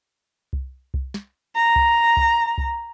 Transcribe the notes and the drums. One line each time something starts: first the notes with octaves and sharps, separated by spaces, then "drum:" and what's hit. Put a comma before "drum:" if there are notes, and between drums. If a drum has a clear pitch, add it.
drum: kick C2
drum: kick C2
drum: snare
A#5
drum: kick C2
drum: kick C2
drum: kick C2